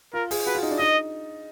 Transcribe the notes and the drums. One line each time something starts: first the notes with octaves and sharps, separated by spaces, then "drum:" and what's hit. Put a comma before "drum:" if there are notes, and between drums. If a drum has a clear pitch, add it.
F4 A#4
G#4, drum: open hi-hat
F#4 B4
F4
D#4
D4
D#4 D#5